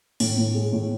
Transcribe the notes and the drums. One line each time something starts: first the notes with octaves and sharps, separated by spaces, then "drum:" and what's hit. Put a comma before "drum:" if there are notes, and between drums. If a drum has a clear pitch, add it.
A2, drum: open hi-hat
A2
G#3
A2